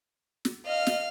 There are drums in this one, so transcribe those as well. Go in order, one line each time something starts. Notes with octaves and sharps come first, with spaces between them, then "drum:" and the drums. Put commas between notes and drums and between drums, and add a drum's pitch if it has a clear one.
drum: snare
D#5 F5 F6
drum: snare